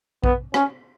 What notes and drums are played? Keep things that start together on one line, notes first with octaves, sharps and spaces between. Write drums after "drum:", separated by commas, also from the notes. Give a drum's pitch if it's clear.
B3, drum: kick A#1
C#4, drum: rim click